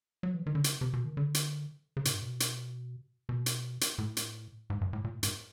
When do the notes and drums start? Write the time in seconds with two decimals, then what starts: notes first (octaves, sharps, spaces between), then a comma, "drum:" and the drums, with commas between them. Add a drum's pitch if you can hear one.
0.23 F#3
0.34 E3
0.46 D#3
0.55 D3
0.64 C#3, drum: hi-hat
0.81 C3
0.93 B2
1.05 D#3
1.17 D3
1.34 drum: hi-hat
1.97 C#3
2.05 A2, drum: hi-hat
2.14 G2
2.22 B2
2.40 drum: hi-hat
3.29 B2
3.46 drum: hi-hat
3.81 drum: hi-hat
3.98 A2
4.17 drum: hi-hat
4.70 G#2
4.81 G2
4.93 A2
5.04 A#2
5.13 A2
5.23 G#2, drum: hi-hat